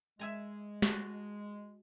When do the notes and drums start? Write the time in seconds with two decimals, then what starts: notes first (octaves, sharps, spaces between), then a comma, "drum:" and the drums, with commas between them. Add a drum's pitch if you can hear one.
0.19 G#3 E5 G#5 A#5
0.82 F#4 A5, drum: snare